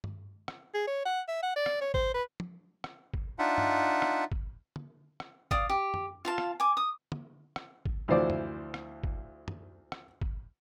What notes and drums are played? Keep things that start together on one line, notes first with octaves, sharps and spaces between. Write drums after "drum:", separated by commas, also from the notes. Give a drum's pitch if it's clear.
drum: tom G2
drum: rim click
G#4
C#5
F#5
E5
F#5
D5
drum: rim click
C#5
C5, drum: kick G#1
B4
drum: tom
drum: rim click
drum: kick G#1
D4 D#4 F4 E5 F#5
drum: tom G2
drum: rim click
drum: kick G#1
drum: tom
drum: rim click
D5 F5 D#6, drum: kick G#1
G4
drum: tom F#2
F4 F5 A5
drum: rim click
G#5 D6
D#6
drum: tom
drum: rim click
drum: kick G#1
D2 E3 F3 C5 D5 D6
drum: tom F#2
drum: rim click
drum: kick G#1
drum: tom F#2
drum: rim click
drum: kick G#1